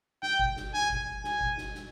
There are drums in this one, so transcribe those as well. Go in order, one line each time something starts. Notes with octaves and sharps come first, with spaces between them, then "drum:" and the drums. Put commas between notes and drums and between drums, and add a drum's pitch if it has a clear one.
G5, drum: snare
drum: kick G1
drum: snare
G#5, drum: snare
drum: kick G1
G#5, drum: snare
drum: kick G1
drum: snare
drum: snare